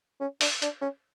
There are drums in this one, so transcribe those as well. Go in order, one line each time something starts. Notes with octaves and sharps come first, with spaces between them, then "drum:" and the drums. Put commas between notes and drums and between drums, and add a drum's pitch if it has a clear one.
C#4
D4, drum: open hi-hat
D4, drum: hi-hat
C#4